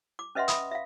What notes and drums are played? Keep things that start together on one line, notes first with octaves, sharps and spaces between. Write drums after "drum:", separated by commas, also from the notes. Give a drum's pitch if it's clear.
D6
C#4 B4 D#5 E5 F#5 C6
E5 B5 D#6, drum: hi-hat
E5 F5